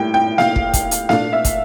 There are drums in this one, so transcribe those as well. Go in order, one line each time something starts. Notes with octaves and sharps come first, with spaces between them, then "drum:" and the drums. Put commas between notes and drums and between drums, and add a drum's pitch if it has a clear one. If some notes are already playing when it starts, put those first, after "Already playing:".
Already playing: A2 G3 A#3 G5
G5
F5, drum: snare A#3
drum: kick
drum: kick, hi-hat
drum: hi-hat
A#2 A3 D4 F5, drum: snare A#3
E5
drum: kick, hi-hat